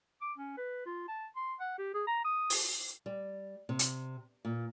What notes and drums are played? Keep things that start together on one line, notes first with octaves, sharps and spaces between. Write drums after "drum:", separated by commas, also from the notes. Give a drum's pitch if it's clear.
D6
C#4
B4
F4
A5
C6
F#5
G4
G#4
A#5
D#6
drum: open hi-hat
G3
C3
drum: hi-hat
A#2